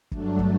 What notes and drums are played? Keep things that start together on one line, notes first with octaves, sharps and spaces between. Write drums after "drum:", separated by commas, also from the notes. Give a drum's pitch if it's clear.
G2 F#3 A3 D4, drum: kick
drum: kick